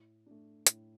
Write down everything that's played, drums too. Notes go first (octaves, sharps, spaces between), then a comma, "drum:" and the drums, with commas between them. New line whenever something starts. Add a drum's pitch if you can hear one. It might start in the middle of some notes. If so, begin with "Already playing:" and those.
Already playing: A2
A3 D4
A2, drum: hi-hat